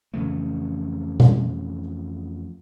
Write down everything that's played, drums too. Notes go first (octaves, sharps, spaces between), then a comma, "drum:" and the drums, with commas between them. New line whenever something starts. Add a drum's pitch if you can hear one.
F2 C#3 E3 A3
drum: tom B2